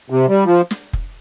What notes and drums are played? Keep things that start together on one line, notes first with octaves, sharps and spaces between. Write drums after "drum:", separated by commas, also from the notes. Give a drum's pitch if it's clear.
C3
G3
F3
drum: snare
drum: kick F1